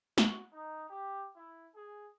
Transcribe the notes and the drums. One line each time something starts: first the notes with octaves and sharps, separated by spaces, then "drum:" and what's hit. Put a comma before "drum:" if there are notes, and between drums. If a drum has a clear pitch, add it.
F#4, drum: snare
D#4
G4
E4
G#4